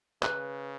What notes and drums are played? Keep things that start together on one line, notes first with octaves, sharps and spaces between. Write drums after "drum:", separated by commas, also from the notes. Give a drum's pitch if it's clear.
C#3 B4, drum: clap